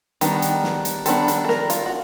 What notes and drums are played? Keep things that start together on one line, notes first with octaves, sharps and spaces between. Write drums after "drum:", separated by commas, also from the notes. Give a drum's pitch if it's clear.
D#3 G3 B3 D4, drum: hi-hat
drum: hi-hat
drum: snare
drum: hi-hat
D#3 G3 B3 D4 A4, drum: hi-hat
A4, drum: hi-hat
A4
A#4, drum: snare
F4, drum: hi-hat
F#4